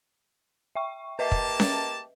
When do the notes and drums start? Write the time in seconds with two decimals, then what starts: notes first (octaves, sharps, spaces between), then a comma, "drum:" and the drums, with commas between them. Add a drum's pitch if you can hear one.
0.75 E5 G5 C#6
1.19 A#3 G4 B4 D#5 E5 A5
1.32 drum: kick
1.60 drum: snare C#4